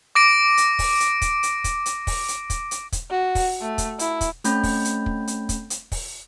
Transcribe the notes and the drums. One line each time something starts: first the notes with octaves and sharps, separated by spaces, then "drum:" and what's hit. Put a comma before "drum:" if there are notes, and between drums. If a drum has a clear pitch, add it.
D6 A#6 D7
drum: hi-hat
drum: kick, open hi-hat
drum: hi-hat
drum: kick, hi-hat
drum: hi-hat
drum: kick, hi-hat
drum: hi-hat
drum: kick, open hi-hat
drum: hi-hat
drum: kick, hi-hat
drum: hi-hat
drum: kick, hi-hat
F#4
drum: kick, open hi-hat
A3
drum: kick, hi-hat
E4, drum: hi-hat
drum: kick, hi-hat
A3 C4 C#4 B5 G6, drum: hi-hat
drum: kick, open hi-hat
drum: hi-hat
drum: kick
drum: hi-hat
drum: kick, hi-hat
drum: hi-hat
drum: kick, open hi-hat